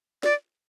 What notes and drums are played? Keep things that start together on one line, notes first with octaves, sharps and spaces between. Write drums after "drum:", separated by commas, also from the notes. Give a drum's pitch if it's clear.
D5, drum: snare